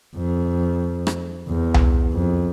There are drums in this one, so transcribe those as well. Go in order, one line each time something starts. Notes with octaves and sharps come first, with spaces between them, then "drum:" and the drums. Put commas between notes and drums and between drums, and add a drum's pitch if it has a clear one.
F2
drum: rim click
E2
drum: tom C2
F2